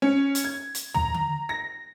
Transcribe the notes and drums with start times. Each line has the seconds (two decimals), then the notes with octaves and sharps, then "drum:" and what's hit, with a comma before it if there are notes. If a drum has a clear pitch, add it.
0.02 C#4
0.35 drum: hi-hat
0.44 G#6
0.75 drum: hi-hat
0.94 A#5, drum: tom
1.14 drum: tom D3
1.49 A#6